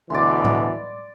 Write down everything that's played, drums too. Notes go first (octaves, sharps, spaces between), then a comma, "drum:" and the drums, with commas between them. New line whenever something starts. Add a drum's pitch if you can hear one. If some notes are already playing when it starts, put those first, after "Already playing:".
D2 B2 E3 D5 C6
drum: tom A2